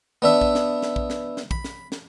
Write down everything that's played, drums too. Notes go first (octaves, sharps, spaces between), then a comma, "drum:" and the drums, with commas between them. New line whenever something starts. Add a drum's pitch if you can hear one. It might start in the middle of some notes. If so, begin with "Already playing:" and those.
B3 D4 E5
drum: kick
drum: snare
drum: snare
drum: kick
drum: snare
drum: snare
B5, drum: kick
drum: snare
drum: snare